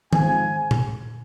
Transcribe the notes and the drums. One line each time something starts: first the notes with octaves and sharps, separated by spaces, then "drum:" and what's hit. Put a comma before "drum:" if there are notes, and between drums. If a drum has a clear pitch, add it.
G#2 F3 C4 G#5, drum: tom D#3
drum: tom A#2